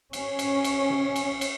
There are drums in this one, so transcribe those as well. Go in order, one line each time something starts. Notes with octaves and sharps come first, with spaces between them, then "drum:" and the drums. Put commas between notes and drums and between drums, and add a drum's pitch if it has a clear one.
C#4, drum: cymbal
drum: cymbal
drum: cymbal
drum: tom C3
drum: cymbal
drum: cymbal